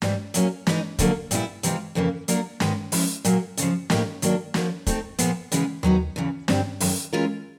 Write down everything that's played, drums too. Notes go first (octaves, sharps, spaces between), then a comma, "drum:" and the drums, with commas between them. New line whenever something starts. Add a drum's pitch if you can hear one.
G#2 E3 G3, drum: snare
A#2 F#3 A#3 C#4, drum: hi-hat
E3 G#3 B3 D#4, drum: snare
F2 D3 F#3 A#3, drum: kick, hi-hat
A#2 G3 B3 E4, drum: hi-hat
C3 E3 G#3 C4 F4, drum: hi-hat
F2 C#3 E3 G3 A#3
F#3 A#3 D4 F4 A#4, drum: hi-hat
G#2 D#3 G#3 B3, drum: snare
F3 G#3 C#4 E4, drum: open hi-hat
A#2 F#3 A#3, drum: hi-hat
F2 C#3 F3, drum: hi-hat
A2 F3 A#3 D#4 G4, drum: snare
D#3 F#3 A#3 D4, drum: hi-hat
F3 A#3 D#4 F#4, drum: snare
A3 C4 D#4, drum: kick, hi-hat
A#2 F3 G#3 B3, drum: hi-hat
C#3 E3 G#3 B3, drum: hi-hat
D#3 F#3 B3 D#4, drum: tom D#2
E2 C#3 E3
G2 D3 G3 C4, drum: snare
F#2 D#3 G#3, drum: open hi-hat
E3 G#3 C#4 F4 A#4